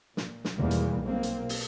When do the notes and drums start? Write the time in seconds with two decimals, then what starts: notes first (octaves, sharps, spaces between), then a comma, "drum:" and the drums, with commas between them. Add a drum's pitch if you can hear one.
0.17 A#2, drum: snare
0.45 drum: snare
0.58 E2 B2 D#3 G3 G#3 A#3
0.71 drum: hi-hat
1.02 B1 A#3 C4
1.23 drum: hi-hat
1.49 drum: open hi-hat